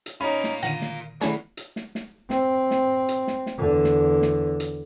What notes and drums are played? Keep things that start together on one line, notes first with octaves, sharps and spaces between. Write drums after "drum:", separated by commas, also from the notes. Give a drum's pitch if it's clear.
drum: hi-hat
C#4 D#4 F4 A#4 B5
drum: snare
A#2 D3 D#3 F5 F#5 A#6 D#7
drum: snare
D#3 F#3 A3 B3 C#4 E4 G#4 D5, drum: snare
drum: hi-hat
drum: snare
drum: snare
C4, drum: snare
drum: snare
drum: hi-hat
drum: snare
drum: snare
E2 D3
drum: snare
drum: snare
drum: hi-hat